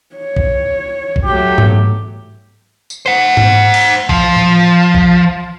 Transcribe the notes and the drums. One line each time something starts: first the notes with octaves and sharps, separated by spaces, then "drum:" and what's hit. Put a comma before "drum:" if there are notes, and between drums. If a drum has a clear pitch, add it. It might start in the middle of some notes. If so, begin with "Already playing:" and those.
C#5
drum: kick
drum: kick
F#3 A3 G4
drum: tom G#2
drum: tambourine
C5 F#5
drum: tom G#2
drum: cymbal
F3, drum: kick
drum: tom A2
drum: kick